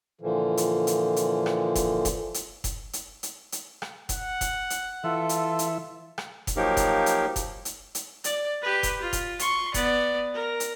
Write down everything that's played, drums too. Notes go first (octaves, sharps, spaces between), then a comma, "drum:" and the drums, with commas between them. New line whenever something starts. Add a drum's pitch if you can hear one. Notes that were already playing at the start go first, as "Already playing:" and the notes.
A#2 D3 E3 F3
drum: hi-hat
drum: hi-hat
drum: hi-hat
drum: rim click
drum: kick F1, hi-hat
drum: kick F1, hi-hat
drum: hi-hat
drum: kick F1, hi-hat
drum: hi-hat
drum: hi-hat
drum: hi-hat
drum: rim click
F#5, drum: kick F1, hi-hat
drum: kick F1, hi-hat
drum: hi-hat
E3 F4 A4 E5
drum: hi-hat
drum: hi-hat
drum: rim click
drum: kick F1, hi-hat
F3 F#3 A#3 D#4 G4 A#4
drum: kick F1, hi-hat
drum: hi-hat
drum: kick F1, hi-hat
drum: hi-hat
drum: hi-hat
D5, drum: hi-hat
G4 B4
drum: kick F1, hi-hat
F4
drum: kick F1, hi-hat
C6 C#6, drum: hi-hat
B3 D5, drum: kick F1, hi-hat
A#4
drum: hi-hat